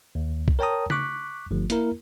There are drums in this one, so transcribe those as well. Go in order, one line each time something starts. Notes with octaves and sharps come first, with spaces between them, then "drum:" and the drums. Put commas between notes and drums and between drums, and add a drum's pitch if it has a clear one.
D#2
drum: kick B1
A#4 C#5 G5 A5 A#5 D#6
C#6 D6 F#6 B6, drum: tom C#3
G1 F3 A3
A#3 E4 A#4, drum: hi-hat